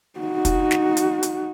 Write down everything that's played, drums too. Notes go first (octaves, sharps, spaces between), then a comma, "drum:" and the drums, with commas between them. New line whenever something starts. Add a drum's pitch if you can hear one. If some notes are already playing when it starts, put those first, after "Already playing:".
D#4 F#4
drum: kick, hi-hat
drum: snare
drum: hi-hat
drum: hi-hat